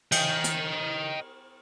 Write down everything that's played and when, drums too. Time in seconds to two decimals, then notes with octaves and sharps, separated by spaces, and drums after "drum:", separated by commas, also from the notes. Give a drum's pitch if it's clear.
0.12 D#5 G5, drum: cymbal
0.44 drum: hi-hat